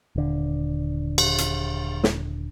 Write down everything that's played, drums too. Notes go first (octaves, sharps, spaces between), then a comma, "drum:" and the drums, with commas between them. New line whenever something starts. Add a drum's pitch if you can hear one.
D#1 D3
drum: cymbal
drum: hi-hat
drum: snare